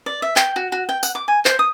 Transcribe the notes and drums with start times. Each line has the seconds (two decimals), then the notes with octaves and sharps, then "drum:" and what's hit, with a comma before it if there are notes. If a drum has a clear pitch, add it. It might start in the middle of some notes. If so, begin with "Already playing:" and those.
0.06 D5
0.22 E5
0.36 G5, drum: clap
0.56 F#4
0.72 F#4
0.89 G5
1.03 F#5, drum: tambourine
1.15 D6
1.28 G#5
1.45 C5, drum: clap
1.59 D#6